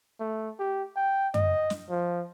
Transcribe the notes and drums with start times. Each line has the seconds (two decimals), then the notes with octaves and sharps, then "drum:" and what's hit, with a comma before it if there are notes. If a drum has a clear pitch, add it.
0.20 A3
0.59 G4
0.96 G5
1.34 D#5, drum: tom F#2
1.70 drum: snare
1.90 F3